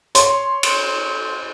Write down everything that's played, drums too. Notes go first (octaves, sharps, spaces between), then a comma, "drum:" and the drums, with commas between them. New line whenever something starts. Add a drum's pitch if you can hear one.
C#5 C6, drum: hi-hat
drum: cymbal